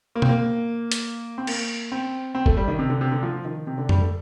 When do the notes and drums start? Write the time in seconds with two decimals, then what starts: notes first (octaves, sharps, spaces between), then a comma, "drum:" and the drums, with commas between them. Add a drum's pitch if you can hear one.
0.15 A#3
0.22 C4, drum: tom B2
0.29 A#3
0.92 drum: hi-hat
1.38 C4
1.47 A#3, drum: cymbal
1.92 C4
2.35 C4
2.46 A3, drum: kick
2.57 G3
2.68 D#3
2.79 C3
2.90 D3
3.01 C3
3.12 D3
3.23 F3
3.45 D#3
3.67 C3
3.78 D3
3.89 G3, drum: tom F2
4.00 A3